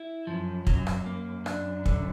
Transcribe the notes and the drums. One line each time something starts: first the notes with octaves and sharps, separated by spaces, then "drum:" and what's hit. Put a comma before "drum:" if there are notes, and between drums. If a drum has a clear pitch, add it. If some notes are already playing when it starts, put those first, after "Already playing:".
Already playing: E4
F#2 F3
F#2 F#3, drum: kick
drum: rim click
F#2 A#3
D4, drum: rim click
D3, drum: kick